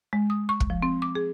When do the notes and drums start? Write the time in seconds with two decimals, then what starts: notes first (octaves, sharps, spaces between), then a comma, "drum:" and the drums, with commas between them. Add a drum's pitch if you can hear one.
0.13 G#3
0.30 D#6
0.49 C#6
0.60 drum: kick
0.70 F3
0.83 C4
1.02 D6
1.15 G#4